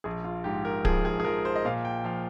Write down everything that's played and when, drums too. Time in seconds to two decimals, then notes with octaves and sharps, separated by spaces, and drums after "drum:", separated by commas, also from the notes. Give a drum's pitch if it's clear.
0.04 A#1 G#4
0.24 F4
0.44 G#2 G4
0.65 A#4
0.85 F3 G#4, drum: kick D1
1.05 G#4
1.20 G#4
1.24 F3 A#4
1.45 C5
1.56 D#5
1.65 A#2 F5
1.85 G5
2.04 F3 F5